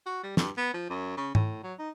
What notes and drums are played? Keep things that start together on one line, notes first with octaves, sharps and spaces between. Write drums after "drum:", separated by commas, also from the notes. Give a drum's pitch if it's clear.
F#4
G3
G2, drum: snare
B3
F3
F#2
C#3
A2, drum: tom G#2
F#3
D#4